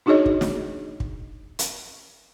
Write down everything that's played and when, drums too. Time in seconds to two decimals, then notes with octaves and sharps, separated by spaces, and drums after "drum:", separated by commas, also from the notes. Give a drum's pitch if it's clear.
0.06 D4 D#4 F#4 G#4 C#5 D#5
0.26 drum: kick
0.41 drum: snare
1.00 drum: kick
1.59 drum: hi-hat